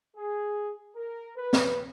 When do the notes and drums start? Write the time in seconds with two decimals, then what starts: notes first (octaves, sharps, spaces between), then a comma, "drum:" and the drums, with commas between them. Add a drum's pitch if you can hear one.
0.16 G#4
0.96 A#4
1.37 B4
1.53 drum: snare